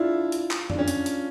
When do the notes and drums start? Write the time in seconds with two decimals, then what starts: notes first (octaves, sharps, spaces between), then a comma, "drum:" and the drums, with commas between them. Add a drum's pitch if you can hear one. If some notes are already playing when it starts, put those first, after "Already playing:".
Already playing: D4 E4 F4
0.32 drum: hi-hat
0.51 drum: clap
0.70 D4, drum: tom F2
0.78 C#4
0.88 drum: hi-hat
1.06 drum: hi-hat